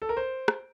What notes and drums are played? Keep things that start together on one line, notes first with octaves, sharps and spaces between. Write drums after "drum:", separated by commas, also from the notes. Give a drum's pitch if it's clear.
A4
A#4
C5
drum: rim click